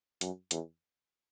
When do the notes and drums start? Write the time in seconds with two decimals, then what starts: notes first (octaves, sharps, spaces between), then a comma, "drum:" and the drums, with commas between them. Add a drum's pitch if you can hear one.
0.21 F#2, drum: hi-hat
0.51 E2, drum: hi-hat